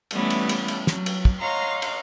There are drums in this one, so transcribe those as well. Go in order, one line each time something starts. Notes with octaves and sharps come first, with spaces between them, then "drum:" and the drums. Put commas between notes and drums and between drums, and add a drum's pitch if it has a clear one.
E3 G3 A3 B3 C#4 E4, drum: cymbal
drum: cymbal
drum: cymbal
drum: cymbal
F#3, drum: snare
drum: cymbal
drum: kick
C#5 D#5 F5 F#5 A#5 C6
drum: cymbal